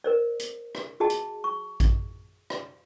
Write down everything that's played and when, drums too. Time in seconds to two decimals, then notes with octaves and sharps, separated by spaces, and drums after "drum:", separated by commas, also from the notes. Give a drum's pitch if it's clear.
0.04 A#4 C5 D5
0.40 drum: hi-hat
0.75 drum: rim click
1.00 F#4 G#4 D#5 A5
1.10 drum: hi-hat
1.44 C#6
1.80 drum: kick A1, hi-hat
2.50 drum: rim click